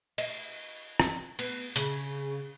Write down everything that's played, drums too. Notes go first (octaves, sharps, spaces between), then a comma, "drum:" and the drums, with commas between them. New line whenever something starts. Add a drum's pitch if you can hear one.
D#5, drum: cymbal
drum: rim click
B3, drum: cymbal
C#3, drum: hi-hat